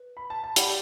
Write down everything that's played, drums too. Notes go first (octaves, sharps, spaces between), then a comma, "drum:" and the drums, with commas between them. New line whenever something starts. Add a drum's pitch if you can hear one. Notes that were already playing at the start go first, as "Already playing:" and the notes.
Already playing: B4
B5
A5
A5
G4 D5 F#5 G5 B5, drum: hi-hat